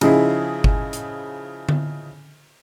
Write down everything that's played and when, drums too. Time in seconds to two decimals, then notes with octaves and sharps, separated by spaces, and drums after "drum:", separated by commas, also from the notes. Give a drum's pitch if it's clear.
0.01 C#3 F3 D#4 E4 G#4, drum: cymbal
0.64 drum: kick
0.93 drum: hi-hat
1.69 drum: tom D3